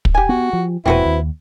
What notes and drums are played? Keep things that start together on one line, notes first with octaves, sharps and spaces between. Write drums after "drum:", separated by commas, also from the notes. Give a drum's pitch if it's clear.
drum: kick
G4 G#5
B3 F#4
F3
E1 E2 A#2 C4 E4 F#4 B4
D#2